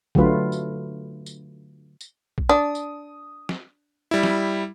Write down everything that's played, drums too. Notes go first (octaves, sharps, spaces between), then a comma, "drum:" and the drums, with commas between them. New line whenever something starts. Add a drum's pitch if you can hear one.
D3 F#3 A3 F4 B4, drum: kick A#1
drum: tambourine
drum: tambourine
drum: tambourine
drum: kick A#1
D4 D#6
drum: tambourine
drum: snare
G3 E4
drum: snare